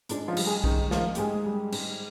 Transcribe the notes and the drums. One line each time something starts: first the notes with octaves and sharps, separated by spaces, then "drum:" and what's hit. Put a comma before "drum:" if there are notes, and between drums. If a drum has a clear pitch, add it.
G#2 D4, drum: hi-hat
F3 F4
G3, drum: cymbal
G#3 G#4
G#2 D#3 D#4, drum: kick B1
F3 A#3 F4, drum: snare
G4, drum: hi-hat
G#2 G#3 G#4
G3
G#2, drum: cymbal